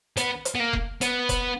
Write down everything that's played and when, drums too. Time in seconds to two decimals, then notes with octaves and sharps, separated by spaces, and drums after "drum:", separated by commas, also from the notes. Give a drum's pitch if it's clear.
0.17 B3, drum: hi-hat
0.45 drum: hi-hat
0.55 B3
0.60 A#3
0.73 drum: kick F1
1.01 B3, drum: hi-hat
1.29 drum: kick F1, hi-hat